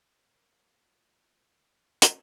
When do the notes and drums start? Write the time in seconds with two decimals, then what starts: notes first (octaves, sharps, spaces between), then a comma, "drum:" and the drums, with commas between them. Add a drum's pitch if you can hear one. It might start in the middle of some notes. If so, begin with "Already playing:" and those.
0.15 F#2 F#3 A#3 C5
0.74 A#2 F4
2.02 drum: hi-hat